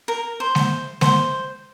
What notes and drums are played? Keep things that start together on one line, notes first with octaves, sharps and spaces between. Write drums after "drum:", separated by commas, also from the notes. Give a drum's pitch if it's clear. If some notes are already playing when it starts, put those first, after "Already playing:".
A#4
C5
drum: snare G#3
C5, drum: snare G#3